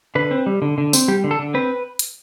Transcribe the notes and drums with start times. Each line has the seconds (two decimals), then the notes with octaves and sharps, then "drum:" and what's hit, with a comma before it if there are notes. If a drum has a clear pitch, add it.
0.15 D3 B4
0.31 C4
0.46 G3
0.62 D3
0.78 D3
0.93 C4, drum: tambourine
1.08 G3 G4
1.24 D3
1.31 A4
1.39 D3
1.54 C4 B4
1.99 drum: hi-hat